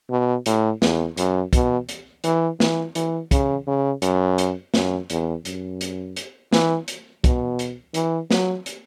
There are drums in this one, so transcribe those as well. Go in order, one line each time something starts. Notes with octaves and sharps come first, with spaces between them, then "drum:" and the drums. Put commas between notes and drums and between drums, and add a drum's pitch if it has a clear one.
B2
A2, drum: hi-hat
E2, drum: snare
F#2, drum: hi-hat
B2, drum: kick, hi-hat
drum: hi-hat
E3, drum: hi-hat
E3, drum: snare
E3, drum: hi-hat
C#3, drum: kick, hi-hat
C#3
F#2, drum: hi-hat
drum: hi-hat
F#2, drum: snare
E2, drum: hi-hat
F#2, drum: hi-hat
drum: hi-hat
drum: hi-hat
E3, drum: snare
drum: hi-hat
B2, drum: kick, hi-hat
drum: hi-hat
E3, drum: hi-hat
F#3, drum: snare
drum: hi-hat